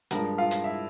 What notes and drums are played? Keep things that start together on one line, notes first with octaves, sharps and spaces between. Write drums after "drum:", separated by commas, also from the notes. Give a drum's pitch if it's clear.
G2 F3 G#3 A#4 A#5, drum: hi-hat
F4 F5
drum: hi-hat
E4 E5